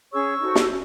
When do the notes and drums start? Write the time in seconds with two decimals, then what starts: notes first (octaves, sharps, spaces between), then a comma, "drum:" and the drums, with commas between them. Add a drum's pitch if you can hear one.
0.13 C#4 G#4 C#5 C#6 E6
0.41 D#4 F#4 A4 C5
0.55 drum: snare
0.69 C#4